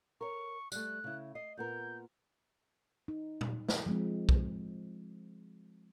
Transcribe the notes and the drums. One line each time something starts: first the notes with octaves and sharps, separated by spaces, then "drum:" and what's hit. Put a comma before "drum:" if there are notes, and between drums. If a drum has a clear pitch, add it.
A#4 C#5 C#6
G3 A3 F#6, drum: tambourine
C#3 E4
D#5 C7
A#2 B3 A#4 G6
D#4
drum: tom
drum: snare
F3 G#3 C4
drum: kick